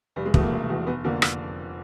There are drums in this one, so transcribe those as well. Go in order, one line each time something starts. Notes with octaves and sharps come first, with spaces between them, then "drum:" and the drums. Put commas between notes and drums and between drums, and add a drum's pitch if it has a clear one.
F1 G3
G#3
E2 B2 A3, drum: kick
A#3
F1
E2 B2
F1 B3
F2 D3 A#3
drum: rim click